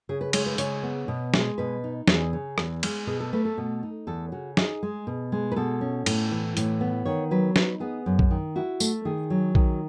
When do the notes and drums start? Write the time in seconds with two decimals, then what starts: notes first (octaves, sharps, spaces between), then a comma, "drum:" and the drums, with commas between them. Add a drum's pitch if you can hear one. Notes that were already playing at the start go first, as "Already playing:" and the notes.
0.09 C#3 G#4
0.21 B4
0.33 G#3 C#5, drum: cymbal
0.46 B4
0.58 C#3 C#5, drum: hi-hat
0.83 B3
1.08 B2
1.34 G#3, drum: snare
1.58 B2 B4
1.84 D#4
2.08 E2 G#4, drum: snare
2.33 C#3
2.58 E2, drum: rim click
2.83 G#3, drum: cymbal
3.07 B2 G#4
3.20 A4
3.33 A3 B4
3.45 A4
3.58 B2
3.83 D#4
4.07 E2 A4
4.32 C#3 F#4
4.57 D#4 G#4, drum: snare
4.83 G#3
5.07 B2
5.32 G#3
5.52 B4
5.56 B2 A4
5.81 C#4
6.06 A2, drum: cymbal
6.32 E3
6.57 A2, drum: hi-hat
6.81 B3
7.05 D#3 C#5
7.31 F#3 B4
7.56 D#4 B4, drum: snare
7.80 B3 G#4
8.06 F#2
8.19 drum: kick A#1
8.31 D#3
8.56 E4 F#4
8.80 A3, drum: tambourine
9.05 D#3 G#4
9.30 F#3
9.55 D#3, drum: kick A#1